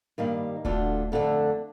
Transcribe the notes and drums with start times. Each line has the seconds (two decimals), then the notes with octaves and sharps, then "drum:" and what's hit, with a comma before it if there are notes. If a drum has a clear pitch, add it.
0.18 G2 D#3 G3 A#3
0.65 D2 D3 A3 D4 F4, drum: kick D#1
1.12 F2 D3 A3 D4